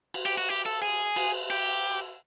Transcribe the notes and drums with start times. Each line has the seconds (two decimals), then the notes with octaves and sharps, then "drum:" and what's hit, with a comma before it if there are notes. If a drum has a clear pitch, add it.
0.14 drum: cymbal
0.26 G4
0.38 F#4
0.49 G4
0.66 A4
0.82 G#4
1.16 drum: cymbal
1.50 G4